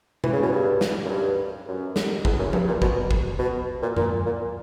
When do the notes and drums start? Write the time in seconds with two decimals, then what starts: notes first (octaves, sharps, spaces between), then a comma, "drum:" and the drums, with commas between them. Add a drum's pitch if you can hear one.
0.24 E3, drum: tom B2
0.33 C#3
0.43 B2
0.52 G2
0.81 drum: snare
1.05 F#2
1.09 G2
1.68 F#2
1.96 drum: snare
2.25 E2, drum: kick
2.39 F#2
2.53 G2, drum: tom F3
2.68 A#2
2.82 B2, drum: kick
3.11 drum: kick
3.39 B2
3.82 A#2
3.97 A#2, drum: tom F#2
4.26 A#2